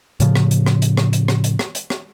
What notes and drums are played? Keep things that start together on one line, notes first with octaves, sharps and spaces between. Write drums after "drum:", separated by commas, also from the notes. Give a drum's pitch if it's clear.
A2 C#3 F3, drum: hi-hat
drum: rim click
drum: hi-hat
drum: rim click
drum: hi-hat
drum: rim click
drum: hi-hat
drum: rim click
drum: hi-hat
drum: rim click
drum: hi-hat
drum: rim click